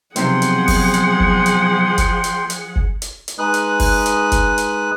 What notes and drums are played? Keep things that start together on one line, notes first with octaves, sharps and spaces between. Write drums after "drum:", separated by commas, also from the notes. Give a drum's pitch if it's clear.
B1 C3 F3 G#4 F#5 G5 C6, drum: hi-hat
drum: hi-hat
drum: kick F#1, open hi-hat
drum: hi-hat
drum: kick F#1
drum: hi-hat
drum: kick F#1, hi-hat
drum: hi-hat
drum: hi-hat
drum: kick F#1
drum: hi-hat
drum: hi-hat
G#3 D#4 B4 D#6 F#6
drum: hi-hat
drum: kick F#1, open hi-hat
drum: hi-hat
drum: kick F#1, hi-hat
drum: hi-hat